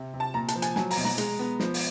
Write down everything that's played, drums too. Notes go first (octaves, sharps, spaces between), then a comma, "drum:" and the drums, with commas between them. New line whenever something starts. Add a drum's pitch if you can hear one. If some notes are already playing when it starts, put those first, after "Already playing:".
Already playing: C3
C3
A5
A#2 A#5
A5, drum: hi-hat
F3
G#5, drum: hi-hat
F#3 G#5, drum: snare
A#5, drum: open hi-hat
B2
A#5, drum: snare
G#3, drum: hi-hat
B3
F3, drum: snare
drum: open hi-hat